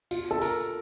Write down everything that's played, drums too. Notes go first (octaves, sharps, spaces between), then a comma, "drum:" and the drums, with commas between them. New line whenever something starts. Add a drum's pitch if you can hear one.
F4, drum: tambourine
A4
A#4, drum: tambourine